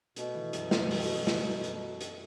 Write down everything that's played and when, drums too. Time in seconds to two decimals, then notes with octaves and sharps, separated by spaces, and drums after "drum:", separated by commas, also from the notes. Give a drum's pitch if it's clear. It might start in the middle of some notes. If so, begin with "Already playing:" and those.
0.16 B2 A3, drum: hi-hat
0.35 E3
0.53 F#2, drum: hi-hat
0.71 E3, drum: snare
0.91 A3, drum: open hi-hat
1.08 C#4
1.27 drum: snare
1.64 drum: hi-hat
2.01 drum: hi-hat